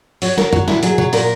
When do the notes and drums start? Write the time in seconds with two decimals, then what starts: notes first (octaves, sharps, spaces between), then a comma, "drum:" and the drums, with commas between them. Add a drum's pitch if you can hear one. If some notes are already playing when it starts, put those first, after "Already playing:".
0.22 F#3 C#5, drum: open hi-hat
0.38 F#3 A#4, drum: snare
0.53 F#3 F#4, drum: tom
0.68 A#2 E4, drum: snare
0.83 F#3 G#4, drum: hi-hat
0.98 F#3, drum: tom B2
1.13 A#2 A#4, drum: open hi-hat